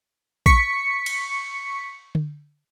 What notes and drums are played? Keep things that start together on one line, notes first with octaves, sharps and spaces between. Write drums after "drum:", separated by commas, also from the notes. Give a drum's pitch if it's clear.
C#6 B6 C#7, drum: kick
drum: cymbal
drum: tom D3